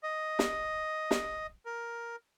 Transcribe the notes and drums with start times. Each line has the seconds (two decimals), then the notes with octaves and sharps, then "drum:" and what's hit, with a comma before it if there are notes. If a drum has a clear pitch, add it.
0.03 D#5
0.39 drum: snare
1.11 drum: snare
1.66 A#4